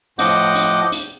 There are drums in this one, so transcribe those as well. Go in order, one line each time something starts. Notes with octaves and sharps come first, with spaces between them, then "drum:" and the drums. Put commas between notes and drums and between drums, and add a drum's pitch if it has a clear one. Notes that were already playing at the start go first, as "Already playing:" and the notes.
A2 F3 D#5 F#5 D6 G6, drum: hi-hat
drum: hi-hat
drum: hi-hat